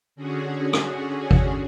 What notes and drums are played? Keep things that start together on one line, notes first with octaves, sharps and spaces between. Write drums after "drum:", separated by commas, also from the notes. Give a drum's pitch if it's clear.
D3 C#4 F#4 G#4
drum: rim click
drum: kick G#1